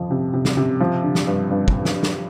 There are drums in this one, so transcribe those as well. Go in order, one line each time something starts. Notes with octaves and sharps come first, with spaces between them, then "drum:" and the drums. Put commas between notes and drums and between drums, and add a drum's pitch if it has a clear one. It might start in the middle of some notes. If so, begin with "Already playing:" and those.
Already playing: F2 F3
C3
C3
drum: snare
C3
F3
D3
drum: snare
G2
G2
drum: kick
drum: snare
drum: snare